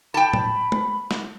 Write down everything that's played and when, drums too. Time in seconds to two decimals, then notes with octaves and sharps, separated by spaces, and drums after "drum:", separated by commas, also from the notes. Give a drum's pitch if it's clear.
0.14 G5 A5 B5
0.34 drum: tom A2
0.72 drum: tom
1.11 drum: snare